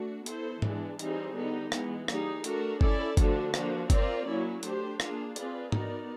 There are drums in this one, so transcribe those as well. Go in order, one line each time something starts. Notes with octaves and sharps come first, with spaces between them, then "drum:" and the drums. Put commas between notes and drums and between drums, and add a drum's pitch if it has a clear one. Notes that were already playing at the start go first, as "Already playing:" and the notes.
Already playing: A3 D4 F#4
B3 E4 A4 C5, drum: hi-hat
E3 G#3 B3 D4, drum: tom G#2
E3 G3 C4 D#4 G#4, drum: hi-hat
D3 G3 B3 D#4
E3 G#3 B3, drum: rim click
G3 A#3 D#4 G#4, drum: rim click
A3 D4 F#4 A#4, drum: hi-hat
C#4 E4 A4 D5, drum: kick G1
D3 F3 A3 D4 F#4, drum: kick G1, hi-hat
F3 A#3 D4 F#4, drum: rim click
C4 F4 A#4 D5, drum: kick G1, hi-hat
F#3 A#3 C#4 E4
A3 D4 G4 C5, drum: hi-hat
A#3 D4 F4 G#4, drum: rim click
C4 F4 G#4 B4 D5, drum: hi-hat
B3 D#4 F#4 A#4 D5, drum: tom G#2